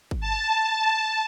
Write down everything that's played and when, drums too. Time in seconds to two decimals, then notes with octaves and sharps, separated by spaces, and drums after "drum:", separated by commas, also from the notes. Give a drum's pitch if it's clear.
0.11 drum: kick
0.21 A5